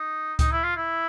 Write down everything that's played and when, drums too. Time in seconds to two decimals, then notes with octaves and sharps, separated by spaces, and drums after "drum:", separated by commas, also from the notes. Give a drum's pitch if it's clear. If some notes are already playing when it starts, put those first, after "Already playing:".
Already playing: D#4
0.39 D#4, drum: kick C#2, hi-hat
0.52 E4
0.64 F4
0.77 E4